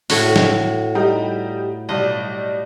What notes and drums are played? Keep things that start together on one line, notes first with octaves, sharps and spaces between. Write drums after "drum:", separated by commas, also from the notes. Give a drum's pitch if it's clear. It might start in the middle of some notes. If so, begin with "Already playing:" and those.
A2 F#4, drum: open hi-hat
drum: snare
G3 D#4 G4
B1 G3 D5 D#5